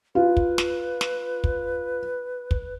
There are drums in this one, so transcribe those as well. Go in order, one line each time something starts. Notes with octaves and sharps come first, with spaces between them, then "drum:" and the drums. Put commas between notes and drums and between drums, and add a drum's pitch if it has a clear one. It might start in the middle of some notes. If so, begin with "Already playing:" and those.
F4 B4
drum: kick
drum: snare
drum: snare
drum: kick
drum: kick